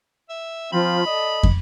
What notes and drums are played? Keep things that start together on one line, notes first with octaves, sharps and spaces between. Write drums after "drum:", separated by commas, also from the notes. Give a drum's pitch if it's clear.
E5
F3 C4 F4 B5
A4 D5 D#5
drum: kick